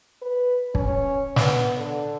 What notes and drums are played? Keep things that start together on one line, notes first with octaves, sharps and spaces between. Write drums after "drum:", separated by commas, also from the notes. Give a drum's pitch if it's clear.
B4
C#4, drum: kick
B3, drum: snare
D3